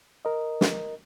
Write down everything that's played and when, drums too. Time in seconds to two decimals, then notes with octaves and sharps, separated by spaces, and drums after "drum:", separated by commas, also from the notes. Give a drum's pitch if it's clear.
0.25 A#4 D#5
0.61 drum: snare